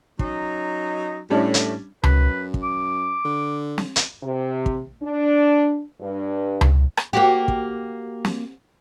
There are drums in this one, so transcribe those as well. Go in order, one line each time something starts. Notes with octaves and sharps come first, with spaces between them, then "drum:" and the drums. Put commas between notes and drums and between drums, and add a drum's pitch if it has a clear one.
F#3 C#4 D#4, drum: kick
A2 G3 C#4 D4
drum: hi-hat
F#2 B4, drum: tom C#2
drum: kick
D6
D3
drum: snare
drum: hi-hat
C3
drum: kick
D4
G2
drum: tom C#2
drum: rim click
A#3 F#4 G4
drum: kick
drum: snare